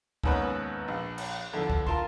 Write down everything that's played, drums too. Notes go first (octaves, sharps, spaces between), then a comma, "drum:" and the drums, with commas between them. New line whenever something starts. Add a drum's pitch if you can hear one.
G#1 D#2 G#2 B3 C#4 B4, drum: kick
A#1
drum: cymbal
E2 D3 F3
drum: kick
F4 A#4 A5 C6, drum: kick